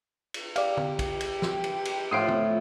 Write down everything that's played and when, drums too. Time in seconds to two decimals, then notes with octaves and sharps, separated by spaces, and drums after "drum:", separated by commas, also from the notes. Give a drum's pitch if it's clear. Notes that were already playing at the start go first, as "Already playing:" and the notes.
0.34 drum: cymbal
0.56 G4 D5 F5, drum: cymbal
0.77 drum: tom
0.99 drum: kick, cymbal
1.21 drum: cymbal
1.42 drum: snare
1.64 drum: cymbal
1.85 drum: cymbal
2.11 A2 F3 F4 D#6 C7 D7
2.29 drum: tom